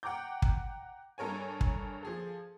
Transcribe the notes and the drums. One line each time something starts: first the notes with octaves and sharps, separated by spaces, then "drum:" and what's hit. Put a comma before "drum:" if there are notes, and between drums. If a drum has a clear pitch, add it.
F#5 G5 A#5 D6 G6
drum: kick
G2 A4 A#4 C#5 G#5
drum: kick
F3 G#4 A4